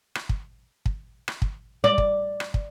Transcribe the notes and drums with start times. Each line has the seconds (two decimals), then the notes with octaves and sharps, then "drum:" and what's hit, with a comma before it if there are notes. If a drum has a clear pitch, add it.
0.15 drum: rim click
0.29 drum: kick
0.86 drum: kick
1.28 drum: rim click
1.42 drum: kick
1.84 D5
1.98 drum: kick
2.40 drum: rim click
2.54 drum: kick